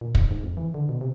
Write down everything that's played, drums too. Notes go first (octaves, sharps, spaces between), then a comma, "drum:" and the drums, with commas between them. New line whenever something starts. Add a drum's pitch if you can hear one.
A#2
D#2, drum: kick
G#2
F2
E3
D3
B2
C3